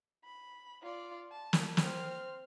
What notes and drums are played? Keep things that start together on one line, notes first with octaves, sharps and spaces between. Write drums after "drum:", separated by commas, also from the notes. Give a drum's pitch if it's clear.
B5
F4 D5
A5
drum: snare
C4 F6, drum: snare